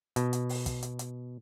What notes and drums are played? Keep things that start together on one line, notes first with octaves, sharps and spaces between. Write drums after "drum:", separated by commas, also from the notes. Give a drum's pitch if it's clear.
B2, drum: hi-hat
drum: hi-hat
drum: open hi-hat
drum: kick, hi-hat
drum: hi-hat
drum: hi-hat